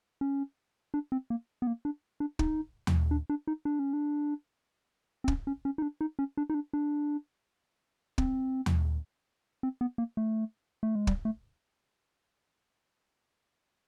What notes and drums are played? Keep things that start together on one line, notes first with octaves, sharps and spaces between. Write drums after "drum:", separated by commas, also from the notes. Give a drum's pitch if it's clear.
C#4
D4
C4
A#3
B3
A#3
D4
D4
D#4, drum: kick
drum: tom D#2
D4
D4
D#4
D4
C#4
D4
C4
C#4, drum: kick
C#4
C#4
D#4
D4
D#4
C#4
D4
D#4
D4
D4
C4, drum: kick
drum: tom D#2
C4
B3
A#3
A3
A3
G#3
G3, drum: kick
A3